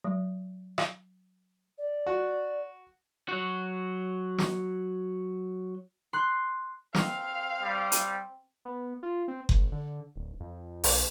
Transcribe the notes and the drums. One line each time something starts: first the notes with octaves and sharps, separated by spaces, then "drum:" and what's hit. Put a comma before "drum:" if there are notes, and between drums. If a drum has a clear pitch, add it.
F#3 G#3
drum: rim click
D5
F#4
F#3 F#4
drum: snare
C6 F#6
C4 F5, drum: snare
G3
drum: hi-hat
B3
F4
C4
A1, drum: kick F#1
D3
D1
F2
B1, drum: open hi-hat